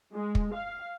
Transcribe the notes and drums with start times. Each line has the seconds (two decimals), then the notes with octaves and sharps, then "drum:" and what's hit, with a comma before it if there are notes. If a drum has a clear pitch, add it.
0.13 G#3
0.35 drum: kick
0.52 F5